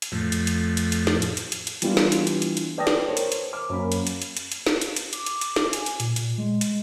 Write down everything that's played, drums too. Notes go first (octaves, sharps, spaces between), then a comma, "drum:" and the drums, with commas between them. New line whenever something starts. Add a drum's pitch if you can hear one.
drum: hi-hat
F2 A2
drum: hi-hat
drum: hi-hat
drum: hi-hat
drum: hi-hat
drum: snare
drum: hi-hat
drum: hi-hat
drum: hi-hat
drum: hi-hat
E3 G3 B3 D4 E4 F4, drum: hi-hat
drum: snare
drum: hi-hat
drum: hi-hat
drum: hi-hat
drum: hi-hat
B4 D5 G5 A5 D#6 A#6
drum: snare
A#4 C5 C#5
drum: hi-hat
drum: hi-hat
D6
F#2 A#3 C#4 B5
drum: hi-hat
drum: hi-hat
drum: hi-hat
drum: hi-hat
drum: hi-hat
drum: snare
drum: hi-hat
drum: hi-hat
D6, drum: hi-hat
drum: hi-hat
drum: hi-hat
drum: snare
G#5, drum: hi-hat
drum: hi-hat
A#2, drum: hi-hat
drum: hi-hat
G#3
drum: hi-hat